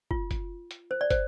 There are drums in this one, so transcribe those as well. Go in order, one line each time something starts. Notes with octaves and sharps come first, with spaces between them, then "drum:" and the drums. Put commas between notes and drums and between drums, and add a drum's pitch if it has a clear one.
F4, drum: kick
drum: kick, hi-hat
drum: hi-hat
C5
D5
C5, drum: kick, hi-hat